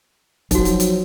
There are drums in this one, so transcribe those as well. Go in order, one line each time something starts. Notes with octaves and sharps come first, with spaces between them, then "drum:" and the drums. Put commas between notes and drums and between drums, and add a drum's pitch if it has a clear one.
F3 F#3 D#4 F#4, drum: kick, hi-hat
drum: hi-hat
drum: hi-hat